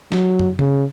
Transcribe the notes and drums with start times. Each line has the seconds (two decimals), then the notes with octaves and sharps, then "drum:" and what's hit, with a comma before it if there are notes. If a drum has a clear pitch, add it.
0.12 F#3, drum: snare
0.39 drum: tom
0.59 C#3, drum: tom